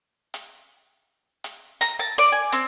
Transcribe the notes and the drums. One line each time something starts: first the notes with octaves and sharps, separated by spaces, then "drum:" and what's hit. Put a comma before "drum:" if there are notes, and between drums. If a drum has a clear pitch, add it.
drum: hi-hat
drum: hi-hat
A#5, drum: hi-hat
A5
D5
G#5
C4, drum: hi-hat